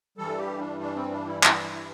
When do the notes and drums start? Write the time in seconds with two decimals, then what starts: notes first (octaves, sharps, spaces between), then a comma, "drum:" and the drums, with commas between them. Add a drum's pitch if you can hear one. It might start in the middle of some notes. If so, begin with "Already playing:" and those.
0.18 G2 E3 G3 A4
0.38 G4
0.59 D4
0.81 D4
0.96 C4
1.11 D4
1.27 E4
1.43 E4, drum: clap
1.64 E4